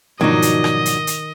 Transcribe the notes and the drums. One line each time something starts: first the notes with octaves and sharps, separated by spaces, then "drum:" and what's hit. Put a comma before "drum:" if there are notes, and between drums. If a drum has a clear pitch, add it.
G#2 B2 D#3 F3 F#3 D4 D#4 D#5
drum: hi-hat
drum: rim click
drum: hi-hat
drum: hi-hat